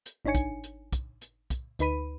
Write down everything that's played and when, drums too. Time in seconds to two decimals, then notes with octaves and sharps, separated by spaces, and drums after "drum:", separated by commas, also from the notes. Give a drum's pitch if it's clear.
0.06 drum: hi-hat
0.25 G#1 D4 D#4 C#5 G#5 C#7
0.35 drum: kick, hi-hat
0.64 drum: hi-hat
0.93 drum: kick, hi-hat
1.21 drum: hi-hat
1.50 drum: kick, hi-hat
1.79 D2 D#4 B4 B5 D#7, drum: hi-hat